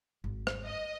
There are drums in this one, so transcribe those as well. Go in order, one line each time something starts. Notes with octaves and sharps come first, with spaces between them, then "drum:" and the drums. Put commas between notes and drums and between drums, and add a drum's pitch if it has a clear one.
G#1
drum: rim click
D#5